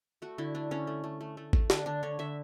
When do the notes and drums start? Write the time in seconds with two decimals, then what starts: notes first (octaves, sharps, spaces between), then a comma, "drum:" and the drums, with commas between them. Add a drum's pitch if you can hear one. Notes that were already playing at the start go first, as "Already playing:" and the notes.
0.22 A3 F#4
0.38 D3 E4
0.55 A3 D4
0.71 D3 C#4
0.87 A3
1.04 A3
1.21 A3
1.37 A3
1.53 A3, drum: kick
1.70 D3 D4, drum: snare
1.86 D3 D4
2.03 D3 C#5
2.19 D3 E5